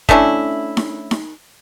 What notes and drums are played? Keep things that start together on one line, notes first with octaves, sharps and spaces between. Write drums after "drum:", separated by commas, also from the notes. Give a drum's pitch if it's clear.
A3 C#4 D4 E4, drum: kick G1
drum: snare D#4
drum: snare D#4